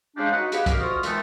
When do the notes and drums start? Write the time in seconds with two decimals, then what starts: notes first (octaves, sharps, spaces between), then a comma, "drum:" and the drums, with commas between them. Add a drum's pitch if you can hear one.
0.17 C#3 G#3 D4 D#4 F4 G4
0.32 D#4 F#4 B4 F#5
0.52 F4 G4 G#4 B4, drum: hi-hat
0.66 F#4 G4 A#4 D#5 F5, drum: kick, hi-hat
0.79 D2 F4 F#4 D#6 F6
1.03 D#3 E3 G#3 A3 B3, drum: hi-hat